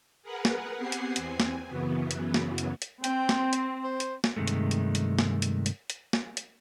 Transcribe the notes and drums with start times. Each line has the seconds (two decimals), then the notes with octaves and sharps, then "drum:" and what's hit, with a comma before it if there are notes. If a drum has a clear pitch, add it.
0.22 G#4 A#4 B4 F#5
0.45 drum: snare
0.77 B3 C4 G4 F#5 G#5 C7
0.92 drum: hi-hat
1.16 E2 C4 G#5, drum: hi-hat
1.40 drum: snare
1.67 F#2 C#3 E3 F#3 B3
2.11 drum: hi-hat
2.34 drum: snare
2.58 drum: hi-hat
2.82 drum: hi-hat
3.04 C4 G5, drum: hi-hat
3.29 drum: snare
3.53 drum: hi-hat
3.84 C5
4.00 drum: hi-hat
4.24 drum: snare
4.36 G2 C3 D#3 G#3 A3
4.47 drum: hi-hat
4.71 drum: hi-hat
4.95 drum: hi-hat
5.19 drum: snare
5.42 drum: hi-hat
5.66 drum: hi-hat
5.90 drum: hi-hat
6.13 drum: snare
6.37 drum: hi-hat